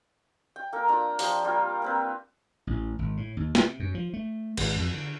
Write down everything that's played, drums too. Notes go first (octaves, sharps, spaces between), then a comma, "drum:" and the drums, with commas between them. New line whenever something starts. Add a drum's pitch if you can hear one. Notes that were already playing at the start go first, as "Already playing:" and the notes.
G5
A#3 A4 A#4
D4 F4 A#5
F3 G4 D5, drum: open hi-hat
G3 A#3 F4 A#4
A#3 C4 B4
A1
G#1
A2
D#2
C3, drum: snare
F#2
F3
A3
G#1, drum: cymbal
F2
D3